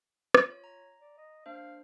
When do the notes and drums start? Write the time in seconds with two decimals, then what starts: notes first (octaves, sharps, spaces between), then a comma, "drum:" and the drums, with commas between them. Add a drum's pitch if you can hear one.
0.35 drum: rim click
0.46 F4 C#5
0.64 A#5
1.00 D5
1.18 D#5
1.46 A#3 D4 C5 F5